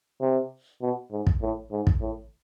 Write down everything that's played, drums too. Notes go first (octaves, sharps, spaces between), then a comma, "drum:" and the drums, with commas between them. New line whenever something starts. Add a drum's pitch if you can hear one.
C3
B2
G#2
drum: kick
A2
G#2
drum: kick
A2